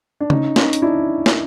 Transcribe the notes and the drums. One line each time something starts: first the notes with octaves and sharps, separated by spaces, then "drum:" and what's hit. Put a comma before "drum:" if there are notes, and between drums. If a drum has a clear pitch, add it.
D4
C#4 D#4, drum: tom C#3
C#4 D#4, drum: snare
drum: hi-hat
D4 E4
drum: snare